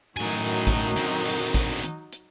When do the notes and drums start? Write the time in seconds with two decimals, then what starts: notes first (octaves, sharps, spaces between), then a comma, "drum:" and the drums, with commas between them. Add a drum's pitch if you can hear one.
0.17 F#2 A2 D#3 F#3 D#4 G#5
0.38 drum: hi-hat
0.67 drum: kick A1, hi-hat
0.96 D3 C4, drum: hi-hat
1.25 drum: open hi-hat
1.54 drum: kick A1, hi-hat
1.83 drum: hi-hat
2.13 drum: hi-hat